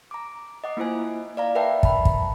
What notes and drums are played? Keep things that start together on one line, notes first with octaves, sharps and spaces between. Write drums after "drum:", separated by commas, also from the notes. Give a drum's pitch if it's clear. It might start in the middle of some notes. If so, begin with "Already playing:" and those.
A#5 D6
D#5 F#5 D6
A#3 E4 F4 C5 G#5
D5 F5 A#5
A#4 B4 E5 F#5 G5 A5
A5 B5, drum: kick
drum: kick